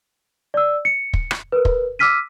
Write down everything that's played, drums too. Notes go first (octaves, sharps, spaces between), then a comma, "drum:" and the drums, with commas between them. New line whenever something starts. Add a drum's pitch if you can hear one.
D5 E6
C#7
drum: kick
drum: rim click
A#4 B4
drum: kick
D6 E6 F6 B6 D#7